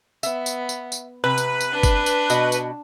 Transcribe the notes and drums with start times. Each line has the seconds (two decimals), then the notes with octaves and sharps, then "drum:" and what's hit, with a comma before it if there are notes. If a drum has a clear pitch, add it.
0.23 B3 E5, drum: tambourine
0.46 drum: tambourine
0.69 drum: tambourine
0.92 drum: tambourine
1.24 C3 B4 B5
1.38 drum: tambourine
1.60 drum: tambourine
1.72 D4
1.83 drum: kick F#1, tambourine
2.06 drum: tambourine
2.30 B2 F#4 D#5, drum: tambourine
2.52 drum: tambourine